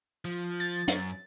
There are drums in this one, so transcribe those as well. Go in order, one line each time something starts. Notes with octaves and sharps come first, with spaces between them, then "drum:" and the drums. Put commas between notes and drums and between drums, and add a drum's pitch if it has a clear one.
F3
A6
F#2, drum: hi-hat